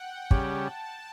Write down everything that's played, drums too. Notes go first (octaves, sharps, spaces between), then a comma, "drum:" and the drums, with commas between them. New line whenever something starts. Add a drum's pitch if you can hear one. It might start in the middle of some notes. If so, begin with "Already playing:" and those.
Already playing: F#5 G5
C#3 G3 C#4 G4 A5, drum: kick